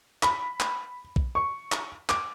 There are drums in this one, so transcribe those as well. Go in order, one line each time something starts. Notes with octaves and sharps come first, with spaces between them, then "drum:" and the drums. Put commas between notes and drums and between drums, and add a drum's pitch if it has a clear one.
B5, drum: clap
drum: clap
drum: kick
C#6
drum: clap
D6, drum: clap